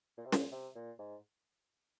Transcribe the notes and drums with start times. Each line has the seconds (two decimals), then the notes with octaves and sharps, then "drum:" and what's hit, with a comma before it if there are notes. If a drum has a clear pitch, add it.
0.17 A#2
0.25 C3
0.32 A#2, drum: snare
0.52 C3
0.75 A#2
0.99 G#2